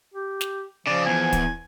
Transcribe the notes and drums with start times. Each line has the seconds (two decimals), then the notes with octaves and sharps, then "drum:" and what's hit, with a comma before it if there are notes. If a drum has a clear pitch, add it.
0.14 G4
0.41 drum: snare
0.87 C#3 F3 D5
1.06 E2 G#5
1.33 drum: kick, hi-hat